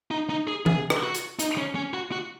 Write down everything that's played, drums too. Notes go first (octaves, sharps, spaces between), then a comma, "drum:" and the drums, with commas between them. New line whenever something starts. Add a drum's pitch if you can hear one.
D#4
D#4
G#4
G#4, drum: tom E3
drum: rim click
F#4
drum: hi-hat
D#4, drum: hi-hat
C#4
C#4
F#4
F#4